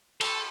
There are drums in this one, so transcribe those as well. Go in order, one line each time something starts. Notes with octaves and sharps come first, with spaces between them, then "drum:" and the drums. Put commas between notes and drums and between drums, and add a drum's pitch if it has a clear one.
A4, drum: cymbal